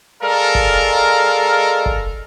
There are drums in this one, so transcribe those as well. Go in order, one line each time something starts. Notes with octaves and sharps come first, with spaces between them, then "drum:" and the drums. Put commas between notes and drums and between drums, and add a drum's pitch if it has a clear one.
G#3 A4 A#4 D5 F5
drum: kick
drum: kick